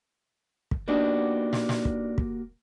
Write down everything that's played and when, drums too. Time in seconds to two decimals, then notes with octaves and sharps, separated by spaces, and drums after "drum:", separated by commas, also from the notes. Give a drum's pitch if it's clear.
0.71 drum: kick
0.88 A#3 B3 D4 D#4 F#4 G4
1.53 drum: snare
1.69 drum: snare
1.85 drum: kick
2.18 drum: kick